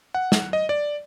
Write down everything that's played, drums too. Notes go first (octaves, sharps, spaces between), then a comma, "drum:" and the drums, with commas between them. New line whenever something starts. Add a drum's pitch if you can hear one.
F#5
drum: snare
D#5
D5